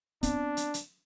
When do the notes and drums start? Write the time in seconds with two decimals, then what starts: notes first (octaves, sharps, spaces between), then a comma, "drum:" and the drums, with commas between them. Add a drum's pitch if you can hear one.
0.23 B3 C4 D4, drum: kick, hi-hat
0.57 drum: hi-hat
0.74 drum: hi-hat